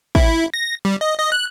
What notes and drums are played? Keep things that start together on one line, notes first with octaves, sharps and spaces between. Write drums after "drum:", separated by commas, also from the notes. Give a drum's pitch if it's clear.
E4, drum: kick
A#6
G3
D#5
D#5
F#6